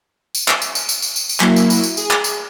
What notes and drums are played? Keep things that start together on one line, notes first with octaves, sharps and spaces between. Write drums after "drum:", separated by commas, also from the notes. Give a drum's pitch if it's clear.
drum: tambourine
drum: clap
drum: tambourine
drum: tambourine
drum: tambourine
drum: tambourine
drum: tambourine
drum: tambourine
F#3 A#3 E4, drum: clap
drum: tambourine
drum: tambourine
drum: tambourine
G#4, drum: tambourine
drum: clap
drum: tambourine